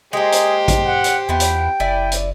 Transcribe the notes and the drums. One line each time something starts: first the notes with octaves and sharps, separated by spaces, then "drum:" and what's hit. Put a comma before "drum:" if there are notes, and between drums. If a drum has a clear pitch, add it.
G#3 A#3 G4 G#4 C5
drum: hi-hat
drum: kick A1, hi-hat
F#5
drum: hi-hat
E2 B3 E4 F4 G5
drum: hi-hat
F#1 E4 D5 G#5
drum: hi-hat